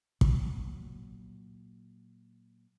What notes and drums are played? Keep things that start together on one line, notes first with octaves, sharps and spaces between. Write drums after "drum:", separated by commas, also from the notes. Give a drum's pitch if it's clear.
A#2 F#3, drum: kick